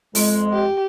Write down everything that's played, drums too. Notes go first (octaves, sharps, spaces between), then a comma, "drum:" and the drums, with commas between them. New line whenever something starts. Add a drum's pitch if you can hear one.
F2 G#3, drum: open hi-hat
G4